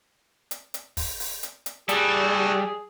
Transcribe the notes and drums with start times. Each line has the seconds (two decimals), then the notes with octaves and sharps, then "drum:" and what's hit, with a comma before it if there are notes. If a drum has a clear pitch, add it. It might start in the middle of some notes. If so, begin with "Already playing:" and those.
0.51 drum: hi-hat
0.74 drum: hi-hat
0.97 drum: kick, open hi-hat
1.20 drum: open hi-hat
1.43 drum: hi-hat
1.66 drum: hi-hat
1.89 G3 F#4 G#4 A4, drum: hi-hat